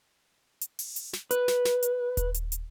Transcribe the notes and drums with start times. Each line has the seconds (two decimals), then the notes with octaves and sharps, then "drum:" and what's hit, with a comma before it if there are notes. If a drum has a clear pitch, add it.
0.61 drum: hi-hat
0.79 drum: open hi-hat
0.96 drum: hi-hat
1.13 drum: snare
1.31 B4, drum: hi-hat
1.48 drum: snare
1.65 drum: snare
1.83 drum: hi-hat
2.17 drum: kick D#1, hi-hat
2.34 drum: hi-hat
2.52 drum: hi-hat